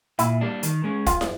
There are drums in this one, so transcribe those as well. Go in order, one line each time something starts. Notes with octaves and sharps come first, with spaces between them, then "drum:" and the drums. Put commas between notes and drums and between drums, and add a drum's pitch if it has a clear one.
A#2 E4, drum: hi-hat
G3 A#3 D4
D#3, drum: hi-hat
G#3 C#4
F#2 F4, drum: kick, hi-hat
drum: snare